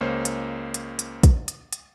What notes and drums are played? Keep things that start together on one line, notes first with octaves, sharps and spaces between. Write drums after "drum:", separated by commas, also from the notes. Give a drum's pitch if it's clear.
C#2 A#3 C#4 C5
drum: hi-hat
drum: hi-hat
drum: hi-hat
drum: kick, hi-hat
drum: hi-hat
drum: hi-hat